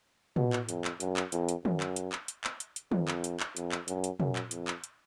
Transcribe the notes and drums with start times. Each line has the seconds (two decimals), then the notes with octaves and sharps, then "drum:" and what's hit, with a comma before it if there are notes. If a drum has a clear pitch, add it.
0.36 B2, drum: tom
0.53 drum: clap
0.69 F2, drum: hi-hat
0.85 drum: clap
1.00 F#2, drum: hi-hat
1.17 drum: clap
1.32 F2, drum: hi-hat
1.49 drum: hi-hat
1.65 F#2, drum: tom
1.80 drum: clap
1.96 drum: hi-hat
2.12 drum: clap
2.28 drum: hi-hat
2.44 drum: clap
2.60 drum: hi-hat
2.76 drum: hi-hat
2.92 F2, drum: tom
3.08 drum: clap
3.24 drum: hi-hat
3.40 drum: clap
3.57 F2, drum: hi-hat
3.72 drum: clap
3.88 F#2, drum: hi-hat
4.04 drum: hi-hat
4.20 F#2, drum: tom
4.36 drum: clap
4.51 F2, drum: hi-hat
4.68 drum: clap
4.84 drum: hi-hat